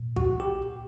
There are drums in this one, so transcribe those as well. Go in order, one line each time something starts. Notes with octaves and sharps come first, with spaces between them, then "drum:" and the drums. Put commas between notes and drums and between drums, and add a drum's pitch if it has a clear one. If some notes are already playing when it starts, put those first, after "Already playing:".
Already playing: A#2
F#4, drum: kick B1
G4